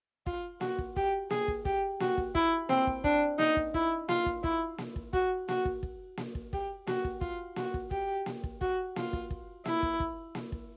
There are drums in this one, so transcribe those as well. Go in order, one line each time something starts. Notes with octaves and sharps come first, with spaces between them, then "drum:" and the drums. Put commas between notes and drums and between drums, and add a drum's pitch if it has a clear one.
F4, drum: kick
F#4, drum: snare A#3
drum: kick
G4, drum: kick
G#4, drum: snare A#3
drum: kick
G4, drum: kick
F#4, drum: snare A#3
drum: kick
E4, drum: kick
C4, drum: snare A#3
drum: kick
D4, drum: kick
D#4, drum: snare A#3
drum: kick
E4, drum: kick
F4, drum: snare A#3
drum: kick
E4, drum: kick
drum: snare A#3
drum: kick
F#4, drum: kick
F#4, drum: snare A#3
drum: kick
drum: kick
drum: snare A#3
drum: kick
G4, drum: kick
F#4, drum: snare A#3
drum: kick
F4, drum: kick
F#4, drum: snare A#3
drum: kick
G4, drum: kick
drum: snare A#3
drum: kick
F#4, drum: kick
F4, drum: snare A#3
drum: kick
drum: kick
E4, drum: snare A#3
drum: kick
drum: kick
drum: snare A#3
drum: kick